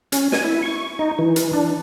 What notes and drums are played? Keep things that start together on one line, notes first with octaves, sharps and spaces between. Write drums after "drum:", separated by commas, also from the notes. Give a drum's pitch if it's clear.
C#4, drum: hi-hat
G#5, drum: snare
E4
C#6
D#4
E3
drum: hi-hat
D4